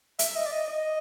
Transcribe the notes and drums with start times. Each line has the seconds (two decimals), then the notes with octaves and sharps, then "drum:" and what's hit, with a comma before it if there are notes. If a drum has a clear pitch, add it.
0.19 E5, drum: hi-hat
0.36 D#5
0.46 D5
0.52 D#5
0.68 D#5